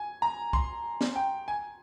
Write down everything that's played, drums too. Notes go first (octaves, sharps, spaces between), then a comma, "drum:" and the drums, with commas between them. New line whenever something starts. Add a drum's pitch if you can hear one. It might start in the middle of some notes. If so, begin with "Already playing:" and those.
Already playing: G#5
A#5
C6, drum: kick
drum: snare
G5
G#5